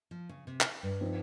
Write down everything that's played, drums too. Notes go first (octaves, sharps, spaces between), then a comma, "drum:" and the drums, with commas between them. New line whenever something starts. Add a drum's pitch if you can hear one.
F3
C#3
C3
drum: clap
G2
F3 C4 D#4